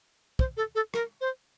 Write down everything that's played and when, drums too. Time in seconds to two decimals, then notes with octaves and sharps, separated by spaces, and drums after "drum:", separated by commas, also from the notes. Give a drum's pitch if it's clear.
0.39 C5, drum: kick
0.57 A4
0.75 A4
0.94 A#4, drum: rim click
1.21 C5